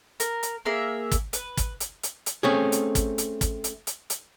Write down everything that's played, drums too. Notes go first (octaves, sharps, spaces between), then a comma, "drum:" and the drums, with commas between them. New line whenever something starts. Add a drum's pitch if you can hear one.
A#4 A#5, drum: hi-hat
drum: hi-hat
A#3 G#4 A#4 E5
drum: kick, hi-hat
B4, drum: hi-hat
drum: kick, hi-hat
drum: hi-hat
drum: hi-hat
drum: hi-hat
A3 C4 C#4 G#4
drum: hi-hat
drum: kick, hi-hat
drum: hi-hat
drum: kick, hi-hat
drum: hi-hat
drum: hi-hat
drum: hi-hat